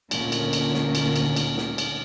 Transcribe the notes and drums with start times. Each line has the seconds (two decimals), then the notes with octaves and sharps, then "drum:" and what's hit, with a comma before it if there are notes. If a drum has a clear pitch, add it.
0.11 D2 A#2 D3 D#3 C#4, drum: cymbal
0.32 drum: cymbal
0.53 drum: cymbal
0.74 drum: snare
0.95 drum: cymbal
1.16 drum: cymbal
1.36 drum: cymbal
1.57 drum: snare
1.78 drum: cymbal